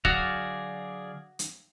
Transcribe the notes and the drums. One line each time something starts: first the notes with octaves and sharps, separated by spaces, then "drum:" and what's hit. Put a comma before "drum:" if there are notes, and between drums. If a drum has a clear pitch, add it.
D3 F#3 F#4 G#4 D5 F5, drum: kick
drum: hi-hat